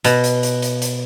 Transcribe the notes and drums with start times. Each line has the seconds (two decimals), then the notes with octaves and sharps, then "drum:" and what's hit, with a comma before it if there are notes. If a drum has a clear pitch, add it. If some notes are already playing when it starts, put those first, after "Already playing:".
0.04 B2, drum: hi-hat
0.24 drum: hi-hat
0.43 drum: hi-hat
0.62 drum: hi-hat
0.82 drum: hi-hat